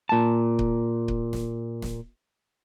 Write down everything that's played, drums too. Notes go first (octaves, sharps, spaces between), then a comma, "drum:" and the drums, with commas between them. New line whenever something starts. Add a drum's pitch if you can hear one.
A#2 A5
drum: kick C#1
drum: kick C#1
drum: snare
drum: snare